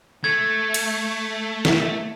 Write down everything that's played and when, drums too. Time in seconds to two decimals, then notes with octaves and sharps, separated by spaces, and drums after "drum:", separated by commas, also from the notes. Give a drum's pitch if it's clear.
0.24 A3 G#6
0.74 drum: cymbal
1.65 drum: snare